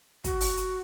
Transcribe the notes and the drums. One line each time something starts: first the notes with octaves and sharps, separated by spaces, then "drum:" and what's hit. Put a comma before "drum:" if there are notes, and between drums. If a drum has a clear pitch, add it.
F#4, drum: kick, hi-hat
drum: open hi-hat
drum: hi-hat